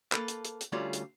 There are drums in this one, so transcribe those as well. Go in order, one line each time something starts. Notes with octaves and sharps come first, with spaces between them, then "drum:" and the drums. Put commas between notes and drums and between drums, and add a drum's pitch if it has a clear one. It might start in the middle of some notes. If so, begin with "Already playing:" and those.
A#3 A4 B4, drum: clap
drum: hi-hat
drum: hi-hat
drum: hi-hat
D2 G3 A3 C#4 F4 D5
drum: hi-hat